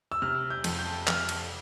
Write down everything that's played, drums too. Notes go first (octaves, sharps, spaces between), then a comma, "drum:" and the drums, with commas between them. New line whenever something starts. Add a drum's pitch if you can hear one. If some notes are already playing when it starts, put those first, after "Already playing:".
E6
C3 F6
G6
F2, drum: cymbal
G6
F2 F6, drum: clap
drum: cymbal